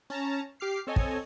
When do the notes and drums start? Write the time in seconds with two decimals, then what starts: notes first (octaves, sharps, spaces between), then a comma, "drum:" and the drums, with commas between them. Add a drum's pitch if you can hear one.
0.10 C#4 A5 A#5
0.60 G4 D6 F6 C7
0.87 C4 A4 C#5 D#5 G#5
0.96 drum: kick